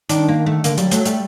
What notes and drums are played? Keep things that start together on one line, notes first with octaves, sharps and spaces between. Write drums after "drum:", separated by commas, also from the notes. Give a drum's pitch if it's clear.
D#3 D4, drum: hi-hat
A#3
A3
D3 A#3, drum: hi-hat
F#3 G3, drum: hi-hat
F#3 A3, drum: hi-hat
G3 A3, drum: hi-hat